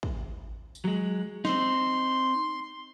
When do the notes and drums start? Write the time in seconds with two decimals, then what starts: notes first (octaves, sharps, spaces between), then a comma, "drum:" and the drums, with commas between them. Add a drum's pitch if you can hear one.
0.03 drum: kick
0.75 drum: tambourine
0.85 F#3 G#3
1.45 C4 D#4 C6, drum: snare